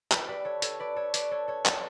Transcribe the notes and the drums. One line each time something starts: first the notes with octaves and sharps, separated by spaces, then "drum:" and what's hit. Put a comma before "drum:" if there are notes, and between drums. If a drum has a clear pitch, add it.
G4 B4, drum: clap
B4 D5
A4 C#5
A4 C#5, drum: hi-hat
B4 D5
A4 C#5
B4 D5, drum: hi-hat
A4 C#5
A4 C#5
drum: clap